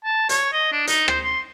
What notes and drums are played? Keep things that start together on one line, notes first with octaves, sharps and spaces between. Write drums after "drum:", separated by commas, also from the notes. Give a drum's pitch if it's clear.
A5
C#5, drum: hi-hat
D#5
D4
D#4, drum: hi-hat
C5, drum: rim click
C6